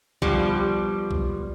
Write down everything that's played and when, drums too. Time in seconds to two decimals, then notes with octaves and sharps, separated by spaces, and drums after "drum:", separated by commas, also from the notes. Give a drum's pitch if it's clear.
0.22 B2 F3 G3, drum: kick A#1
1.11 drum: kick A#1